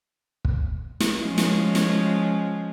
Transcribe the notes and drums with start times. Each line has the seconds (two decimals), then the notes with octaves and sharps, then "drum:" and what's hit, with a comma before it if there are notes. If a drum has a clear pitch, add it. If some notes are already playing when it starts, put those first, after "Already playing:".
0.45 drum: kick
1.00 drum: snare
1.19 F3 G#3 C#4
1.38 drum: snare
1.75 drum: snare